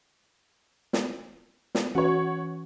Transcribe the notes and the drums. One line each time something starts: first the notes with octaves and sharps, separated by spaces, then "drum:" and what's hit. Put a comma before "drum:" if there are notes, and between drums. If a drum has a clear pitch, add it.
drum: snare
drum: snare
E3 C#4 F#4 C#5 F#5